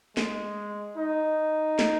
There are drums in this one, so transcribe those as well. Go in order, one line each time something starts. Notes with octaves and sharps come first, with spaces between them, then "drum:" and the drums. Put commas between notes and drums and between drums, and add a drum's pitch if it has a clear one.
G#3, drum: snare
D#4
drum: snare